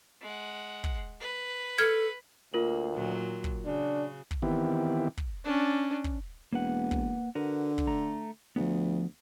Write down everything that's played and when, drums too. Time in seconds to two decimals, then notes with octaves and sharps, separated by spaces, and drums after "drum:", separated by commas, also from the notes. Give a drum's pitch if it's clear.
0.22 G#3 F#5
0.84 drum: kick
1.20 B4
1.78 A4 F6 G#6
2.54 D2 A#3 F4 A#4 F#7
2.93 A#2 D#3 F#3
3.44 drum: kick
3.66 C#3 D4 F#4
4.31 drum: kick
4.42 D#3 E3 B3 C4 E4 G4
5.17 drum: kick
5.45 C#4 D4
6.04 drum: kick
6.53 E1 A#3 B4 F#5
6.91 drum: kick
7.35 D3 F#4 A#4 B4
7.78 drum: kick
7.87 A3 A#5
8.56 D2 F3 B3